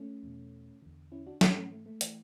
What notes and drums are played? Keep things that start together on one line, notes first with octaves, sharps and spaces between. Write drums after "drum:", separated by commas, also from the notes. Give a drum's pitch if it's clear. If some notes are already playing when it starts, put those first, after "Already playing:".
Already playing: A3 C#4
E2 B2
E2 D3
C#4 E4
D4 F#4
G#2 E3 C#4 E4, drum: snare
A3 C#4
A3
A3
E3, drum: hi-hat